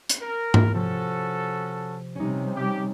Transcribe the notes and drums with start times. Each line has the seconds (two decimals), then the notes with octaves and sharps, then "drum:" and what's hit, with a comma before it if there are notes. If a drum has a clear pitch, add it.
0.10 drum: hi-hat
0.21 A#4
0.54 drum: tom G#2
0.73 C3 F3 C#4 F#4 A4
2.15 C3 G3 C#4 D#4
2.56 G4